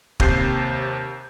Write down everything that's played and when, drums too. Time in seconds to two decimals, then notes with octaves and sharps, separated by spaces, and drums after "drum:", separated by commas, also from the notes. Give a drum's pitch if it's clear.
0.20 D#2 C3 G6 C7, drum: kick